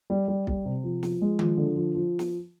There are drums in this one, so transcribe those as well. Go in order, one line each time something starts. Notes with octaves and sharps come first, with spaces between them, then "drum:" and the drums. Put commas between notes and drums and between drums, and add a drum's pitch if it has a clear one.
G3
G3
G3, drum: kick B1
C3
F3
F3, drum: snare
G#3
F3, drum: tom D#3
D3
F3
F3
drum: snare